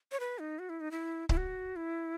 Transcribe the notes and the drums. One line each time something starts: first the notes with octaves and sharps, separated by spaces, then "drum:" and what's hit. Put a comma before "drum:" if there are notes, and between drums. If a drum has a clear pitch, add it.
C#5
B4
D#4
F#4
E4
D#4
E4
E4, drum: kick C#1
F#4
E4